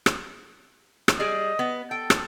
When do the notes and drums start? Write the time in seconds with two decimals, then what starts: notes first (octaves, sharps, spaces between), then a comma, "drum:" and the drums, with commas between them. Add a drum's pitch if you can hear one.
0.06 drum: rim click
1.08 drum: rim click
1.19 G3 G#4 D5 D#5
1.59 B3
1.91 A4 G5
2.10 drum: rim click